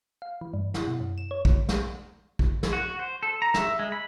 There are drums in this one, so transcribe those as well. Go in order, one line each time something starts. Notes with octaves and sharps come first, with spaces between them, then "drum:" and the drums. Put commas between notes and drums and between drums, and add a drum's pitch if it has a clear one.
F5
E3
G2
E4, drum: snare
B2
F#2
E7
C#5
drum: kick A#1
drum: snare
drum: kick A#1
drum: snare
F#4
C5
A4
A#5
E5, drum: snare
G#3
B5